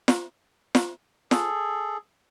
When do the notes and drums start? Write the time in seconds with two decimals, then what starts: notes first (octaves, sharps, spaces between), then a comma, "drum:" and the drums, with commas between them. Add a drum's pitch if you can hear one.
0.08 drum: snare
0.75 drum: snare
1.31 G#4 A4, drum: snare